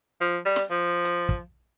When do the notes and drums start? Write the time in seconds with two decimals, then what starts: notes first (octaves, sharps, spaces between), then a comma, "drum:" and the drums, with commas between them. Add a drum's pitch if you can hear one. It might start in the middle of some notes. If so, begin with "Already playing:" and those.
0.21 F3
0.46 G3
0.56 drum: snare
0.71 F3
1.05 drum: hi-hat
1.29 drum: kick